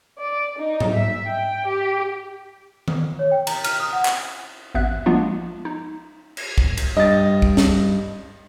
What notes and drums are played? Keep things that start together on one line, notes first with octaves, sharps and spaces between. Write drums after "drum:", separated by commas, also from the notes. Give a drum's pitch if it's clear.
D5
D#4
drum: tom G#2
E5
G5
G4
drum: tom D#3
C#5
G5
A#5, drum: cymbal
F6, drum: cymbal
D#6
F#5
drum: clap
A1 G2 B3 E5 F#6
F3 G#3 A#3 B3 D4 F4
D#4
drum: cymbal
drum: kick
drum: cymbal
G2 D#5 A6
drum: kick
drum: snare